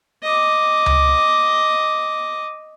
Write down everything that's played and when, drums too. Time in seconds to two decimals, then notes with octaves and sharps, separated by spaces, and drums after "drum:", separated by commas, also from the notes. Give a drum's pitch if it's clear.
0.23 D#5 D6
0.86 drum: tom C#2